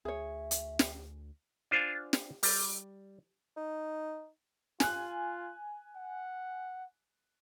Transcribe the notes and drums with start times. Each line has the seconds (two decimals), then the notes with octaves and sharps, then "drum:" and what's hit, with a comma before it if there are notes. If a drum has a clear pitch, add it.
0.05 D2 G#4 C#5 E5
0.51 drum: hi-hat
0.79 drum: snare
1.71 D4 F4 C5 F5 F#5 G#5
2.13 drum: snare
2.43 G3, drum: open hi-hat
3.56 D#4
4.80 F4 G#5 F#6, drum: snare
5.96 F#5